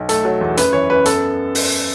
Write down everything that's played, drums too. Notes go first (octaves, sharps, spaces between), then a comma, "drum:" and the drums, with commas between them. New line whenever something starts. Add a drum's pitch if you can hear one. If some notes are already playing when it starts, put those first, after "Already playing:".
Already playing: B1
A3 A4, drum: hi-hat
F#3
E2
F#2 B4, drum: hi-hat
E3 C#5
F#2 B4
B3 A4, drum: hi-hat
drum: open hi-hat